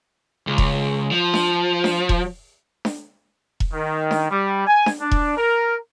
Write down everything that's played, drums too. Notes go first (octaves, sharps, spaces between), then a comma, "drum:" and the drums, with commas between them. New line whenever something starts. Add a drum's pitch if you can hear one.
C#2
drum: kick E1
F3
drum: snare D4
drum: snare D4
drum: kick E1
drum: snare D4
drum: kick E1
D#3
drum: snare D4
G3
G#5
drum: snare D4
D4
drum: kick E1
A#4